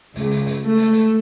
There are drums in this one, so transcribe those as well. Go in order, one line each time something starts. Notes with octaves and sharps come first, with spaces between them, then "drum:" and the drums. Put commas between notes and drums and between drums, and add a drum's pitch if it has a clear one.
C#2, drum: hi-hat
drum: hi-hat
drum: hi-hat
A3
drum: hi-hat
drum: hi-hat